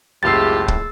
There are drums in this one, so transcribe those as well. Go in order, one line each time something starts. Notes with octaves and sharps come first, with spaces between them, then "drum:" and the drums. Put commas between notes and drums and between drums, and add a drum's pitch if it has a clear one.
F#1 C#2 A2 F4 G4 E6 A6 C7
drum: kick